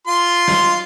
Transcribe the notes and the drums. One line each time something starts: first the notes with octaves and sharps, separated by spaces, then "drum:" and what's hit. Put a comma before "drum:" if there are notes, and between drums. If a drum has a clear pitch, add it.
F4 C6
drum: snare